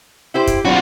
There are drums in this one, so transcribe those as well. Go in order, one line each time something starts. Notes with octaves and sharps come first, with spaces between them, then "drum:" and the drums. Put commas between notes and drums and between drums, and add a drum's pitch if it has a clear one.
E4 G4 C5
drum: kick, hi-hat
B2 F#3 C4 D4 F4 F#4